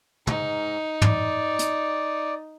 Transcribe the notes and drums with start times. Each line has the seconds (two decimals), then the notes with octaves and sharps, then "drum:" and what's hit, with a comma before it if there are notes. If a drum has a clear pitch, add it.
0.27 G#2 D#4, drum: tom
1.02 D5, drum: tom
1.59 drum: hi-hat